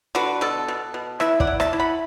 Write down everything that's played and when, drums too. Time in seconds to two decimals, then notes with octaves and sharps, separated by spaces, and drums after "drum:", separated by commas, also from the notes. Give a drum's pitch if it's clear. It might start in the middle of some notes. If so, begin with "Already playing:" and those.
0.15 D3 F#4 B4
0.41 B2 A4
0.68 B2
0.94 B2
1.20 E4 B4 E5, drum: rim click
1.40 D5 F#5, drum: kick
1.47 E4
1.60 E5 A5, drum: rim click
1.73 E4
1.79 F#5 B5